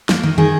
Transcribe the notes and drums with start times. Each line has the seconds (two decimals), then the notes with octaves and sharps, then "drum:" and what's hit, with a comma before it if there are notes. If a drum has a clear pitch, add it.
0.09 A#3, drum: snare
0.23 D#3
0.38 D#3 G#4